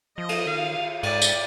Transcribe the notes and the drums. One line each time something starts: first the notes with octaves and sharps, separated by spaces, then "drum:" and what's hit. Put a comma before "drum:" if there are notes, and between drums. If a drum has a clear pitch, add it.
F3 D#5
drum: cymbal
D#3 F5
G#2 D5, drum: cymbal
drum: tambourine